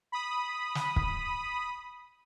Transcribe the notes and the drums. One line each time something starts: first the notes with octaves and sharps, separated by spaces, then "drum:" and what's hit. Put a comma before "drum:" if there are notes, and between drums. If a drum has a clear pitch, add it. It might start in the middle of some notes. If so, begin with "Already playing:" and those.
B5 D#6
drum: snare
drum: kick